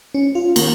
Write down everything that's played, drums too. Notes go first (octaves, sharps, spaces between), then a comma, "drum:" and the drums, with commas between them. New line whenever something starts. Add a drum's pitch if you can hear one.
C#4
F4
D#3 A#3, drum: cymbal